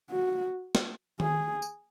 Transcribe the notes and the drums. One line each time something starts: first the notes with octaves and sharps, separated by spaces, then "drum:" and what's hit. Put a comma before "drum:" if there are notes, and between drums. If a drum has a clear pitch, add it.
F#4
drum: snare
G#4, drum: tom D#3
drum: tambourine